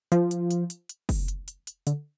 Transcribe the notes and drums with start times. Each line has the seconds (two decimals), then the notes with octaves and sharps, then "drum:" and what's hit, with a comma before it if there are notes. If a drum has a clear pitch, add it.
0.12 F3, drum: hi-hat
0.31 drum: hi-hat
0.51 drum: hi-hat
0.70 drum: hi-hat
0.89 drum: hi-hat
1.09 drum: kick, open hi-hat
1.28 drum: hi-hat
1.48 drum: hi-hat
1.67 drum: hi-hat
1.87 D3, drum: hi-hat